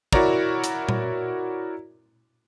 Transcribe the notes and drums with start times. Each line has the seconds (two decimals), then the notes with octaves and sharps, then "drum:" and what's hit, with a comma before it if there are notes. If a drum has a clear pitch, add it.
0.13 E4 F#4 A#4 C#5 D5 A#5, drum: kick
0.64 drum: hi-hat
0.89 drum: tom A#2